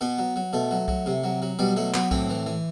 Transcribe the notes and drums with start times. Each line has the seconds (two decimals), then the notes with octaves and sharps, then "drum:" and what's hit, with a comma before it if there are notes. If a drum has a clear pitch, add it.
0.01 B2 B3
0.18 F#3
0.36 F#3
0.53 B2 A3
0.71 F#3
0.88 F#3, drum: kick B1
1.06 C3
1.24 F#3
1.42 F#3
1.59 B2 G3
1.76 F#3 A3
1.94 F#3 B3, drum: clap
2.11 A2 C4, drum: kick B1
2.30 E3
2.46 E3